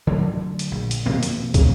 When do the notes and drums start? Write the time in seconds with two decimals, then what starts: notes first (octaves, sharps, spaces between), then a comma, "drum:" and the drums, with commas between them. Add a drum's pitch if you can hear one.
0.07 D3 F#3 A3
0.59 drum: hi-hat
0.71 A#1
0.91 drum: hi-hat
1.06 B2 F3 A#3 C4
1.23 drum: hi-hat
1.54 C3 A#3, drum: kick, hi-hat